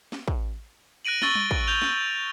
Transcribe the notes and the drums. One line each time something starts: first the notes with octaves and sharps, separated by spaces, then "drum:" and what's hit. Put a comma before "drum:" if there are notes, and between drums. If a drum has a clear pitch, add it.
drum: snare
drum: kick
F#6 A#6 D7 D#7 F#7
C#6 E6 A6 F#7 G7, drum: snare
drum: tom G3
drum: kick
G6 F7 G7
drum: snare